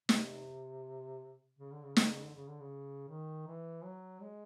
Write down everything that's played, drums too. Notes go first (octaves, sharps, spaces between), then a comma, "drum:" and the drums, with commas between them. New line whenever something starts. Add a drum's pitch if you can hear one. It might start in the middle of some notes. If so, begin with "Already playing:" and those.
C3, drum: snare
C#3
D3
C#3
D3, drum: snare
C#3
D3
C#3
D3
C#3
D#3
E3
F#3
G#3